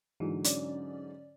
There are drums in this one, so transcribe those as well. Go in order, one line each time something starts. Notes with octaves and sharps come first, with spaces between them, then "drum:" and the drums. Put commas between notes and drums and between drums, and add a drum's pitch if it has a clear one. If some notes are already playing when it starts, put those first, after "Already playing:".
G#2 D3 E3 F#3
C#4 D5, drum: hi-hat